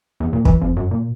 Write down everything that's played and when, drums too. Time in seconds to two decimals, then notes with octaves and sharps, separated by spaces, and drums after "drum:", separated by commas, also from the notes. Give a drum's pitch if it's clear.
0.20 E2
0.33 A#2
0.45 E3, drum: kick
0.61 F2
0.77 F#2
0.91 A#2